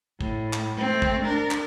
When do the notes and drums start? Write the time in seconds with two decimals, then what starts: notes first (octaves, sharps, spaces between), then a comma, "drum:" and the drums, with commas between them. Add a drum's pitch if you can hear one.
0.21 A2, drum: kick
0.53 drum: clap
0.78 A3 C4
1.02 drum: kick
1.24 D4 A#4
1.51 drum: clap